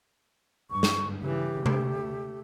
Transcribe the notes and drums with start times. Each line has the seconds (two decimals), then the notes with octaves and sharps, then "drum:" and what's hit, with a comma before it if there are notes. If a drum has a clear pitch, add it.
0.71 G2 C#6
0.83 drum: snare
1.22 C#3 E3 G4
1.66 A3, drum: tom C3